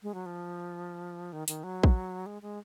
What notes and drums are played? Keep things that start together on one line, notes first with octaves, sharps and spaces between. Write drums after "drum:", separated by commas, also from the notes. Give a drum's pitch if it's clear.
G#3
F#3
F3
D#3
D#3, drum: hi-hat
F#3
drum: kick
G#3
G#3